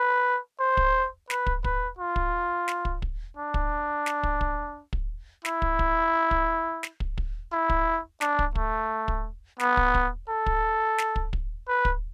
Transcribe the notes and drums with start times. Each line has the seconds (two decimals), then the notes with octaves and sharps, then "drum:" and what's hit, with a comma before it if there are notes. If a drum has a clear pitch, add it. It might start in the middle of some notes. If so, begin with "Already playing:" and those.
Already playing: B4
0.60 C5
0.77 drum: kick
1.30 B4, drum: snare
1.46 drum: kick
1.64 B4, drum: kick
1.99 F4
2.16 drum: kick
2.68 drum: snare
2.85 drum: kick
3.02 drum: kick
3.37 D4
3.54 drum: kick
4.06 drum: snare
4.23 drum: kick
4.41 drum: kick
4.93 drum: kick
5.45 E4, drum: snare
5.62 drum: kick
5.79 drum: kick
6.31 drum: kick
6.83 drum: snare
7.00 drum: kick
7.18 drum: kick
7.52 E4
7.69 drum: kick
8.21 D4, drum: snare
8.39 drum: kick
8.55 A3, drum: kick
9.08 drum: kick
9.59 B3, drum: snare
9.77 drum: kick
9.94 drum: kick
10.29 A4
10.46 drum: kick
10.98 drum: snare
11.16 drum: kick
11.33 drum: kick
11.68 B4
11.85 drum: kick